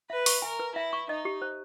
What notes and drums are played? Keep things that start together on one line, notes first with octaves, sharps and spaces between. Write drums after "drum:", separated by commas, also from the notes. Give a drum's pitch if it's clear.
B4 E5
C#6, drum: open hi-hat
A#4 G#5
B4
E4 E5
C#6
D#4 D#5
G4
C5